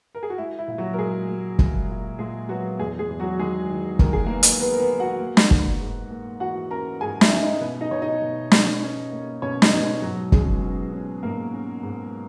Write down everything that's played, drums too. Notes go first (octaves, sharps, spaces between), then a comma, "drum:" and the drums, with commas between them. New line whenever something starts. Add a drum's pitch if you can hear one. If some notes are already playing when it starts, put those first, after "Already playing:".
A#4
G#4
F#4
G#3 E4
E4
A#2
F#3 F#4
A#4
A#2 G#3 G#4
G#3
G#3, drum: kick
A#2
A#2 G#3 G#4
F#3 B3 F#4
E2 G#3 G#4
G#3 G#4
E2
F#3 F#4
D#3 G#3 G#4
D#3
D#3 A#4, drum: kick
G#4
A#3 B3 A#4
drum: hi-hat
B3 B4
A#4
B3 B4
B3
F#4 F#5
A#3
drum: snare
A#3, drum: kick
G#2
A#3
E3 F#4 F#5
C#4 A#4 A#5
G#2 G#4 G#5
E4 E5, drum: snare
C#4
D#4 D#5
B2 B3 B4
D#4 D#5
B2 C#5
D#4 D#5
B2
C#4, drum: snare
C#4
A#3
B2 C#4 C#5
D#4 D#5, drum: snare
B2
G#3 G#4
G#2 F#3 F#4
G#3 C#4 G#4, drum: kick
C#4
C#4
G#2 A#3 A#4
C#4
G#2